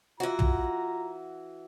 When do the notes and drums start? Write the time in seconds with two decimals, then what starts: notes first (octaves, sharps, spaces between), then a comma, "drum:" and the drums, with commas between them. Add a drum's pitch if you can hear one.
0.20 E3 F4 F#4 A#5
0.39 drum: tom